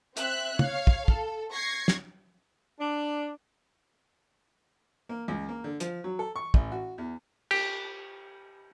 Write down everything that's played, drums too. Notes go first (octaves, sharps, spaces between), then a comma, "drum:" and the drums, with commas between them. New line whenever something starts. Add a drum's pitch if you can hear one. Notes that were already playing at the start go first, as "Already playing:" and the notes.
C4 E5 F#6, drum: hi-hat
C#5 F5, drum: tom
drum: kick
A4, drum: kick
C#6 G#6 A#6 C7
drum: snare
D4
A#3
C#2
A#3
D3
F3, drum: hi-hat
F#3
A4
C#6
A1, drum: kick
F#4
E2
G4, drum: cymbal